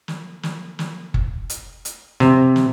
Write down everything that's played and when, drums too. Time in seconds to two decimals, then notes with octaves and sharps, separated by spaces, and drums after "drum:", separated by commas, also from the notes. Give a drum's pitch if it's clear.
0.08 drum: snare
0.43 drum: snare
0.79 drum: snare
1.14 drum: kick F#1
1.50 drum: hi-hat
1.85 drum: hi-hat
2.20 C3, drum: snare
2.56 drum: snare